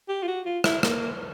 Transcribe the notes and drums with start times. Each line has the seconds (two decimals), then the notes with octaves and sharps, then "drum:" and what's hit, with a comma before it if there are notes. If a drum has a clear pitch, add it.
0.09 G4
0.23 F4
0.28 F#4
0.46 F4
0.64 E4, drum: rim click
0.83 A#3, drum: rim click